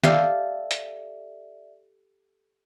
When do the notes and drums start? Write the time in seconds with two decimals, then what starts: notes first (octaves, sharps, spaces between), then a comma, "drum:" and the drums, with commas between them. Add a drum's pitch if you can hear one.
0.04 G4 A4 D5 E5 F5, drum: snare
0.71 drum: hi-hat